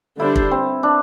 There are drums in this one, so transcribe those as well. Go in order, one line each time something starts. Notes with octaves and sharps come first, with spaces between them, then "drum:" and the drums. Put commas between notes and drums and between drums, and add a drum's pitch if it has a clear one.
D3 G3 D4 E4 A4 C5
drum: kick
C4
D4